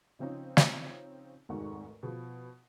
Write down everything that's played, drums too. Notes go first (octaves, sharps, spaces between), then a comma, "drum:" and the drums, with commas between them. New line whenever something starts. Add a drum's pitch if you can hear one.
C#3 F3 C4 C#4 D#4 F4
drum: snare
F1 D#2 G#2 G#3 F#4 C#6
B2 F3